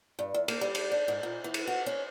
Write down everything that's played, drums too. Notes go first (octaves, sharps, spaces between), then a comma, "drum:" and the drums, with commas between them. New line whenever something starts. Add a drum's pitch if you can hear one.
G2
E2
A#3, drum: cymbal
G3
drum: cymbal
D4
G#2
A#2
E3
drum: cymbal
F#4
C#4